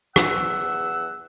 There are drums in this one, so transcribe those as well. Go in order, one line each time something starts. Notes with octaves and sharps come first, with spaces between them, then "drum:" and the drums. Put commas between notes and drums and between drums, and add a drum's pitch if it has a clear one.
E2 F#5 E6, drum: rim click